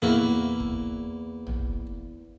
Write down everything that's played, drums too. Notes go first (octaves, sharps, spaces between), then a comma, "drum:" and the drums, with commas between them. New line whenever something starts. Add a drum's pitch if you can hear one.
E2 A#3 E4 F#4
drum: kick
drum: tom